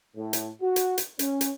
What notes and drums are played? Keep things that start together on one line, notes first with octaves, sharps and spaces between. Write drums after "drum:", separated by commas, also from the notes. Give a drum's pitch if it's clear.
A2
drum: hi-hat
F#4
drum: hi-hat
drum: hi-hat
C#4, drum: hi-hat
drum: hi-hat